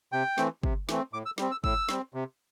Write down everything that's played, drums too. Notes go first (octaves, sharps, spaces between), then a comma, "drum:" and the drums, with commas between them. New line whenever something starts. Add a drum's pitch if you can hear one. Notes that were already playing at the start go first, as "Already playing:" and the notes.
C3 G5
E3 A3 C4, drum: snare
C3, drum: kick
E3 A3 C4, drum: snare
A2 D6
E6
G3 C4, drum: snare
E6
A2 E6, drum: kick
G3 C4, drum: snare
C3